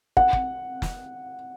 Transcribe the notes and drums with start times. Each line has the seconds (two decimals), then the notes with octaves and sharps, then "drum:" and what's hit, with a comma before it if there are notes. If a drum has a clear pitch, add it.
0.17 F#5, drum: kick
0.33 drum: kick
0.82 drum: snare